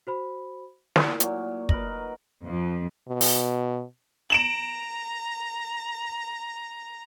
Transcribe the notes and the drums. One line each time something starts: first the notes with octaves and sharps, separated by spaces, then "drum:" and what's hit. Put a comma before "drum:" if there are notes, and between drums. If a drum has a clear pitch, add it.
F#4 C5 B5
A#2 E4, drum: snare
A#2 F#3, drum: hi-hat
D#4 A#4 B4 A#6 F#7, drum: kick
F2
B2
drum: open hi-hat
A#5 D7 E7 F#7